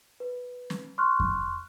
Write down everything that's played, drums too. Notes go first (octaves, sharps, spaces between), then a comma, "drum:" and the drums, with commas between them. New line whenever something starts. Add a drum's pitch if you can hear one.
B4
drum: snare
C6 C#6 F6 F#6
drum: kick F2